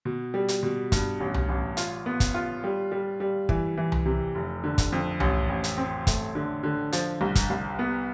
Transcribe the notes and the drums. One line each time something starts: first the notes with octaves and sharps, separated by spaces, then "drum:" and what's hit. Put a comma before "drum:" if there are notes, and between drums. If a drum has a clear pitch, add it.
B2
G3
drum: hi-hat
B2
G2, drum: kick, hi-hat
A1
drum: tom C2
A1
F4, drum: hi-hat
B3
drum: kick, hi-hat
F4
G3
G3
G3
E3, drum: kick
E3
drum: tom C2
C3
F1
D3
drum: kick, hi-hat
F2
A1, drum: tom C2
A1
drum: hi-hat
C4
A3, drum: kick, hi-hat
D3
D3
F3, drum: hi-hat
C2
drum: kick, hi-hat
C2
B3